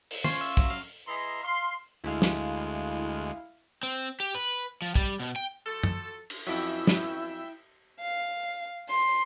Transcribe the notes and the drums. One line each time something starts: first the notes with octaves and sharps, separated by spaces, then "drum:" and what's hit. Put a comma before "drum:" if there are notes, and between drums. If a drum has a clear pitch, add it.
drum: open hi-hat
C#4 F4 C5, drum: tom
E5
F#3, drum: kick
F5
E3 G#4 D#5 E5 A#5 C6
F5 C6
D2 G#3 E4 F5
drum: snare
C4
G4
B4
F3
G3, drum: kick
B2
G5
F3 F#4 A4
drum: tom
drum: cymbal
F2 F#3 B3 C#4 E4 E5 G5
drum: snare
F5
C6